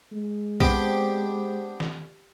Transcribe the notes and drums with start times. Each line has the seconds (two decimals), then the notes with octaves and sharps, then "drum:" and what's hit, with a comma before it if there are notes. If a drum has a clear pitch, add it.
0.13 G#3
0.60 B3 C4 D4 G4, drum: kick B1
1.80 drum: snare